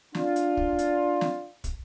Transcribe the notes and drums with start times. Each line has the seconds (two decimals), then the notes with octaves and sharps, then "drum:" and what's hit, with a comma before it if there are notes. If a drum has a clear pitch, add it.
0.15 D4 F4, drum: snare
0.36 drum: hi-hat
0.57 drum: kick
0.79 drum: hi-hat
1.21 drum: snare
1.64 drum: kick, hi-hat